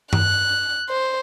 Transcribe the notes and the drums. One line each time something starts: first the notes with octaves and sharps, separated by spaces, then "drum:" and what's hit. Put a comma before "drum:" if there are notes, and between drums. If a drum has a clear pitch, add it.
F#6, drum: tom G2
C5